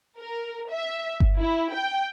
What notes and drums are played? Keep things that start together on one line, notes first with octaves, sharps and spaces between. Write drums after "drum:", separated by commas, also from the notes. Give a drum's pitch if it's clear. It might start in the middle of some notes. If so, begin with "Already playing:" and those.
A#4
E5
drum: kick G1
E4
G5